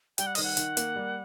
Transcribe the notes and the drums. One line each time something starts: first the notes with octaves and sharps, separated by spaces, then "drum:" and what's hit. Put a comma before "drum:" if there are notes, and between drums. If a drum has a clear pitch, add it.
G3 G5, drum: hi-hat
F#5
D#3 D#5, drum: open hi-hat
F#5
D#3, drum: hi-hat
A#3, drum: hi-hat
G3